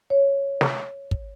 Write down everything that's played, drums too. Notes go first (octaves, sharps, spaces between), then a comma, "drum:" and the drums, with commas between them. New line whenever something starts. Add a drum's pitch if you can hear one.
C#5
drum: snare
drum: kick